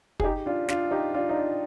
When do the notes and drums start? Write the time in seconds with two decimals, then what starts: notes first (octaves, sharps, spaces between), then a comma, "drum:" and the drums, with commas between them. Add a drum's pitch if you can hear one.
0.20 G#4, drum: kick
0.23 D#4 G4
0.46 D4 F4
0.68 D4 F4, drum: snare
0.91 D#4 G4
1.14 D4 F4
1.29 D#4
1.36 D4 F4